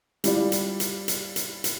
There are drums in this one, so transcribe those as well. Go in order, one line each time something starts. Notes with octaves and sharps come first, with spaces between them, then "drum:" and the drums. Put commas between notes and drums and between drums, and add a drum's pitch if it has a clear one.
G3 E4 F4 D5, drum: hi-hat
drum: hi-hat
drum: hi-hat
drum: hi-hat
drum: hi-hat
drum: hi-hat